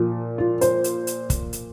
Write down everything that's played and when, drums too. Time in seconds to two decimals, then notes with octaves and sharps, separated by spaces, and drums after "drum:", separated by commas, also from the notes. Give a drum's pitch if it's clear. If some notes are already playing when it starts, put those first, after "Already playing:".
Already playing: A#2 F3
0.38 F4
0.61 C5, drum: hi-hat
0.84 drum: hi-hat
1.07 drum: hi-hat
1.30 drum: kick, hi-hat
1.53 drum: hi-hat